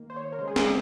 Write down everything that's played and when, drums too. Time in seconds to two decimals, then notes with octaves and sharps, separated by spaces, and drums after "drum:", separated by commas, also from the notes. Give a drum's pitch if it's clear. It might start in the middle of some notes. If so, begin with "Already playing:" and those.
Already playing: D#3 A#3
0.10 C5
0.16 C#5
0.32 A#4
0.39 C#3 G#3 C5
0.48 G#4
0.56 A#4, drum: snare